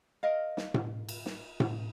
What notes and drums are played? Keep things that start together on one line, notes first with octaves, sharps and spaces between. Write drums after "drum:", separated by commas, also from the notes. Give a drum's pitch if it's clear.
A#4 D#5 F5
drum: snare
drum: tom A2
drum: cymbal
drum: snare
drum: tom A2